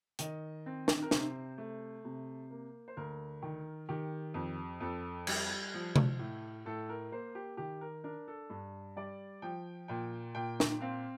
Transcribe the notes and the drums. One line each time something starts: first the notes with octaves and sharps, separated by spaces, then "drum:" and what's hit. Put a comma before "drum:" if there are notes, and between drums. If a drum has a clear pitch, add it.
D#3 D#5, drum: hi-hat
C4
drum: snare
A#4
C3 C5, drum: snare
A3
C3
A#3
C5
D2 A#4
D#3
D#3 G4
F2
F2 A4
G3, drum: cymbal
F3
drum: tom C3
A2
A2 A4
A#4
A#3 C5
G4
D#3 G4
A#4
D4 A#4
A4
G2
G3 D5
F3 G5
A#2 G5
A#2 G5
drum: snare
C4 F5